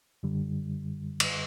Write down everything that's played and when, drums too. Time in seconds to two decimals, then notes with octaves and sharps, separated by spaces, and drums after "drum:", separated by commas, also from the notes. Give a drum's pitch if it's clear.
0.23 F#2 D3 G3
1.20 drum: cymbal